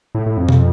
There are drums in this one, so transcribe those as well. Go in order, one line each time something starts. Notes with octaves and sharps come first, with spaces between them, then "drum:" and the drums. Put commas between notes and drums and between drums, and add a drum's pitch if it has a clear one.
A2
A2
F2
drum: tom B2